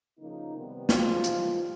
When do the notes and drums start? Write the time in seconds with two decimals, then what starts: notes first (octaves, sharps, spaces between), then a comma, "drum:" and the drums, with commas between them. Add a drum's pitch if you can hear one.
0.19 C#3 F3 A#3 D#4
0.54 C3 D#3 G3 B3
0.89 B2 F3 G#3 C4 F4, drum: snare
1.24 E3 G3 C4 D#4, drum: hi-hat